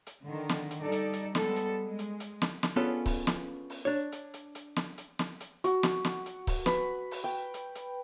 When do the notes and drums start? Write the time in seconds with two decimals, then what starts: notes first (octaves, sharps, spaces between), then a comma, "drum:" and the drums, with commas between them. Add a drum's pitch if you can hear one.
0.07 drum: hi-hat
0.25 D3 D#3
0.49 drum: snare
0.71 drum: hi-hat
0.81 G3 D#4 A4 D5
0.92 drum: hi-hat
1.13 drum: hi-hat
1.35 G3 G#3 B3 A4, drum: snare
1.56 drum: hi-hat
1.84 G#3
1.99 drum: hi-hat
2.20 drum: hi-hat
2.42 drum: snare
2.63 drum: snare
2.76 B3 C#4 D4 F4 G#4 A4
3.06 drum: kick C#1, open hi-hat
3.27 drum: snare
3.70 drum: open hi-hat
3.85 D4 C#5
4.12 drum: hi-hat
4.34 drum: hi-hat
4.55 drum: hi-hat
4.76 drum: snare
4.98 drum: hi-hat
5.19 drum: snare
5.41 drum: hi-hat
5.64 F#4, drum: hi-hat
5.83 drum: snare
6.05 drum: snare
6.26 drum: hi-hat
6.47 drum: kick C#1, open hi-hat
6.66 B4, drum: snare
7.11 drum: open hi-hat
7.24 G5
7.54 drum: hi-hat
7.75 drum: hi-hat